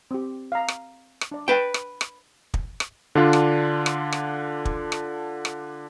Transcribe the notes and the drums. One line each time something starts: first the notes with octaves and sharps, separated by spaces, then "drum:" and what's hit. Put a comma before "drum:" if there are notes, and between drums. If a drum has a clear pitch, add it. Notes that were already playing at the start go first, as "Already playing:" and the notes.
C4 G4
F5 A#5
drum: rim click
drum: rim click
D4 D5
B4 G5
drum: rim click
drum: rim click
drum: kick
drum: rim click
D3 D4 F4
drum: rim click
drum: rim click
drum: rim click
drum: kick
drum: rim click
drum: rim click